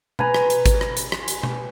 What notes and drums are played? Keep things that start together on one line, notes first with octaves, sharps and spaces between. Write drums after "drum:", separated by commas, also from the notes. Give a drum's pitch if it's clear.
B4 G#5 A#5, drum: tom B2
drum: rim click
drum: hi-hat
drum: kick G#1, hi-hat
drum: rim click
drum: hi-hat
drum: rim click
drum: hi-hat
drum: tom B2